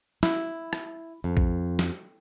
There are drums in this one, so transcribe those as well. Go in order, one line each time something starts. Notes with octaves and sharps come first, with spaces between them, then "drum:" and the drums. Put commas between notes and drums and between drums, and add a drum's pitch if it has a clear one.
E4, drum: snare
drum: rim click
F2
drum: kick A#1
drum: snare